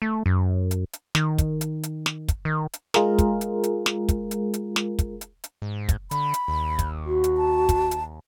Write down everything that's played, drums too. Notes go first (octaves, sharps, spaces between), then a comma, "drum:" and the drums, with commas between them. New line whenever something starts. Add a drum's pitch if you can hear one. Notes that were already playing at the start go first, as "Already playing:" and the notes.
A3
F#2
drum: hi-hat
drum: hi-hat
D#3, drum: snare
drum: kick, hi-hat
drum: hi-hat
drum: hi-hat
drum: snare
drum: kick, hi-hat
D#3
drum: hi-hat
G#3 F4 G#4 A#4, drum: snare
drum: kick, hi-hat
drum: hi-hat
drum: hi-hat
drum: snare
drum: kick, hi-hat
drum: hi-hat
drum: hi-hat
drum: snare
drum: kick, hi-hat
drum: hi-hat
drum: hi-hat
G#2
drum: kick, hi-hat
D3 B5, drum: hi-hat
drum: hi-hat
D#2
drum: kick, hi-hat
F#4
drum: hi-hat
A5
drum: kick, hi-hat
drum: hi-hat